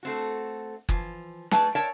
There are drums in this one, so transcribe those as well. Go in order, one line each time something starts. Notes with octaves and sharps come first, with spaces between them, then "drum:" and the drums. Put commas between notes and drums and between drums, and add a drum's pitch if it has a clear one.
A3 C4 F#4
E3 F3, drum: kick F#1
A3 D#4 G#4 B4 D5 A5, drum: snare
A#4 C#5 D5 E5 G5 A5